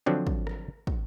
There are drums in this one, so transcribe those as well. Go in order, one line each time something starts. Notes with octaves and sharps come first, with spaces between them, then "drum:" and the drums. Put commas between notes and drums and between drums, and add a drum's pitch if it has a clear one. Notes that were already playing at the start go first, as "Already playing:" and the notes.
D3 F3 F#3 C4 D4
drum: kick
drum: rim click
drum: kick